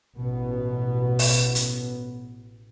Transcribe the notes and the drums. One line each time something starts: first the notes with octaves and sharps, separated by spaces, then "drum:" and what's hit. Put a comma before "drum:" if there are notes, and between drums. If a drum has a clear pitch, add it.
A1 B2 B3
drum: open hi-hat
drum: hi-hat